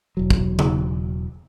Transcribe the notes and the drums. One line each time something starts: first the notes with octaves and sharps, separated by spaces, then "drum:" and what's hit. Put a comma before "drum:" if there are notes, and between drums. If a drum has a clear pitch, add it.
E1 F#3
drum: kick
drum: tom C#3